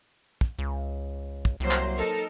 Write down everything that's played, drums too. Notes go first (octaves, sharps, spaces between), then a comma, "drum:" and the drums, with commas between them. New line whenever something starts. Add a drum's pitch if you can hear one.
drum: kick
C#2
drum: kick
C2 F#3 A#3 C5
drum: clap
D#4 A4 A#4